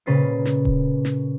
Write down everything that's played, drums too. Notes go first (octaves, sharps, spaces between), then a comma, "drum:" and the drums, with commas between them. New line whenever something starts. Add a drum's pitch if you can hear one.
A#2 C#3 C#4 B4 A6 C7
drum: snare
drum: kick D#1
drum: snare